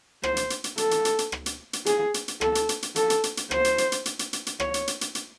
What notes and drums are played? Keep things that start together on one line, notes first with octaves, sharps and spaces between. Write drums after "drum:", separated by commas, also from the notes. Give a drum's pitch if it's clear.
C5, drum: rim click
drum: hi-hat
drum: hi-hat
drum: hi-hat
A4, drum: hi-hat
drum: hi-hat
drum: hi-hat
drum: hi-hat
drum: rim click
drum: hi-hat
drum: hi-hat
G#4, drum: hi-hat
drum: hi-hat
drum: hi-hat
A4, drum: rim click
drum: hi-hat
drum: hi-hat
drum: hi-hat
A4, drum: hi-hat
drum: hi-hat
drum: hi-hat
drum: hi-hat
C5, drum: rim click
drum: hi-hat
drum: hi-hat
drum: hi-hat
drum: hi-hat
drum: hi-hat
drum: hi-hat
drum: hi-hat
C#5, drum: rim click
drum: hi-hat
drum: hi-hat
drum: hi-hat
drum: hi-hat